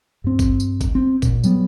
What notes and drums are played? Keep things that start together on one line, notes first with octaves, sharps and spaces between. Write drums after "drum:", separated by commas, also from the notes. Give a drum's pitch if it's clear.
G2 C4
drum: kick, tambourine
drum: tambourine
drum: kick, tambourine
C4
A#2, drum: kick, tambourine
F#3 G3 B3, drum: tambourine